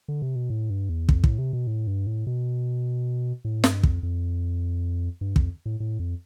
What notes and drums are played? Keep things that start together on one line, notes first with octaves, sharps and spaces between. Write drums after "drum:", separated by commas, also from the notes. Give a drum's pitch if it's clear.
D3
C3
B2
A2
G2
E2
F2, drum: kick
A2, drum: kick
C3
B2
A2
G2
A2
B2
A2
G2, drum: snare
F2, drum: kick
F2
G2
F2, drum: kick
A2
A2
F2